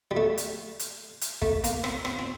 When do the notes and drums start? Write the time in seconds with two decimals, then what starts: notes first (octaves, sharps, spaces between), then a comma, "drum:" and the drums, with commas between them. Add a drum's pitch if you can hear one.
0.11 G3
0.17 A3
0.37 drum: hi-hat
0.79 drum: hi-hat
1.21 drum: hi-hat
1.42 A3, drum: kick
1.64 A#3, drum: hi-hat
1.84 C4, drum: rim click
2.05 C4, drum: rim click
2.19 C4